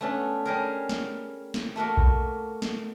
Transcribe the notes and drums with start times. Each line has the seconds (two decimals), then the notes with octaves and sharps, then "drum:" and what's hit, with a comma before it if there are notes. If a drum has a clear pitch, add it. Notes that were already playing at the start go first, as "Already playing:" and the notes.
0.01 A3 B3 C#4 D4
0.45 G3 C#4 G4 G#4 A#4
0.89 drum: snare
1.54 drum: snare
1.76 A3 A#3 F#4 A#4
1.97 drum: kick B1
2.62 drum: snare